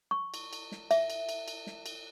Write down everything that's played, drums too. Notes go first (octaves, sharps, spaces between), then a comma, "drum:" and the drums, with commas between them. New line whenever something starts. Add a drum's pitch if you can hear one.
C#6
drum: cymbal
drum: cymbal
drum: snare
E5, drum: cymbal
drum: cymbal
drum: cymbal
drum: cymbal
drum: snare
drum: cymbal